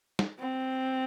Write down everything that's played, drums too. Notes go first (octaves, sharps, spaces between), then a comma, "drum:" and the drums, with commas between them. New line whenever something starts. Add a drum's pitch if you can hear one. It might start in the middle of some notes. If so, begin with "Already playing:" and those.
drum: snare
C4